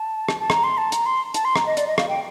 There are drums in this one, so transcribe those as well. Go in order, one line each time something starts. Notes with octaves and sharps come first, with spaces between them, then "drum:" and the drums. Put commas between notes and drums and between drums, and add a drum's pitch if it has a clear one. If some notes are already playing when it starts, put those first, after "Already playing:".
Already playing: A5
drum: rim click
A5
A#5, drum: rim click
C6
A5
A#5, drum: hi-hat
C6
A5, drum: hi-hat
C6
A#5, drum: rim click
D#5
D5, drum: hi-hat
D#5
F5, drum: rim click
G5